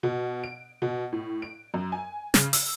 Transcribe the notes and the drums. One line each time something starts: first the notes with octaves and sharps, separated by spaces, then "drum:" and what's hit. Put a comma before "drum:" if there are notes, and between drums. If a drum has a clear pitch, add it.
B2
D7
B2
A2
D7
F#2
G#5
C#3, drum: snare
E6, drum: open hi-hat